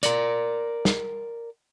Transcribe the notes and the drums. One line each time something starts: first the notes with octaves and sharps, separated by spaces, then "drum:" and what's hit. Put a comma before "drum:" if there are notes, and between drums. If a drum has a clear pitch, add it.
A#4 D5, drum: hi-hat
drum: snare